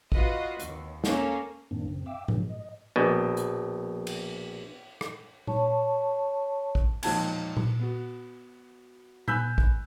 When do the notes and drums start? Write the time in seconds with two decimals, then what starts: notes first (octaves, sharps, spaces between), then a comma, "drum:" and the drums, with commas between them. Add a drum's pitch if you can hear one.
0.12 F4 F#4 B4 D#5, drum: kick
0.59 D#2, drum: hi-hat
1.04 A#3 C#4 A4, drum: snare
1.71 F#2 A2 D#3 A#3 C4 D4
1.88 F#2 C#3 C4
2.06 E5 F5 G5 D6 E6
2.28 C#3 F3 F#3 G#3, drum: tom A2
2.49 D#5
2.96 A#1 B2
3.37 drum: hi-hat
4.07 drum: cymbal
5.01 drum: rim click
5.47 C#5 A5 C#6, drum: tom A#2
6.75 drum: kick
7.03 E1 A#2 F3 D#4 A5 G#6, drum: cymbal
7.57 drum: tom A#2
7.80 B3 F#4
9.28 G#5 B5 E6 F#6 G6 B6, drum: tom A#2
9.58 drum: kick